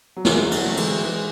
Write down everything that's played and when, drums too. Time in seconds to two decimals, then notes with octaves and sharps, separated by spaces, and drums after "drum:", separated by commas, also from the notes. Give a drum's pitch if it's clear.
0.16 F#3
0.25 E3 G#3, drum: snare
0.51 D3 F#3, drum: cymbal
0.67 A3
0.77 E3 G#3, drum: cymbal
1.03 E3 G#3